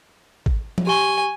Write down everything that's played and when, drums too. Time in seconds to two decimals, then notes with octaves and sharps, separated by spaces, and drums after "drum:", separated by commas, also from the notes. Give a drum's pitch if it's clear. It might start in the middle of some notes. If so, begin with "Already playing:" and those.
0.46 drum: kick
0.78 drum: tom F3
0.87 G4 G#5 C#6 G7